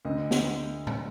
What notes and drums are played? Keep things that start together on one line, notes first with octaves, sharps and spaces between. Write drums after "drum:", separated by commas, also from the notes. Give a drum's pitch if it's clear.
D2 D3 D#5
drum: snare
drum: tom A2